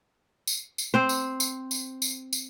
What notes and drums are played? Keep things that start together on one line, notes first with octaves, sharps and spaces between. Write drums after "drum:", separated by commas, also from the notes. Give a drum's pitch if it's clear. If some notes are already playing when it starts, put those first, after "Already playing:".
drum: tambourine
drum: tambourine
C4 C5
drum: tambourine
drum: tambourine
drum: tambourine
drum: tambourine
drum: tambourine